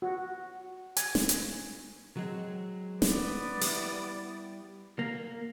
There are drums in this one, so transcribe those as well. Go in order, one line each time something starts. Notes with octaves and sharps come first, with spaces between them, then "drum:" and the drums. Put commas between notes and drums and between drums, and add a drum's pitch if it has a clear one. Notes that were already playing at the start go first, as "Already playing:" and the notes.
F#4
G#5, drum: hi-hat
drum: snare
drum: hi-hat
F#3 G#3 C4
B3 D5, drum: snare
G3 E4, drum: open hi-hat
A#3